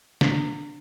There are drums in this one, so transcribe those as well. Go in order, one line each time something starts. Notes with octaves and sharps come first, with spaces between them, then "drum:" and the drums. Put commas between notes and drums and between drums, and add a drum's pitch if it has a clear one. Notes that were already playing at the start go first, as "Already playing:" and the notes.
D4, drum: snare